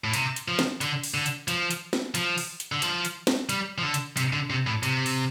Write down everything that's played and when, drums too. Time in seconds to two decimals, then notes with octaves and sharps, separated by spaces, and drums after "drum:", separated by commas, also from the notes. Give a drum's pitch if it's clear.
0.04 A2
0.13 C3, drum: hi-hat
0.36 drum: hi-hat
0.48 F3
0.59 drum: snare
0.81 D3, drum: hi-hat
1.03 drum: open hi-hat
1.14 D3
1.26 drum: hi-hat
1.48 F3, drum: hi-hat
1.71 drum: hi-hat
1.93 drum: snare
2.15 F3, drum: hi-hat
2.38 drum: open hi-hat
2.60 drum: hi-hat
2.72 D3
2.82 F3, drum: hi-hat
3.05 drum: hi-hat
3.27 drum: snare
3.49 G3, drum: hi-hat
3.78 F3
3.83 D3
3.94 drum: hi-hat
4.17 C3, drum: hi-hat
4.33 D3
4.50 C3
4.67 A2
4.83 C3, drum: hi-hat
5.06 drum: open hi-hat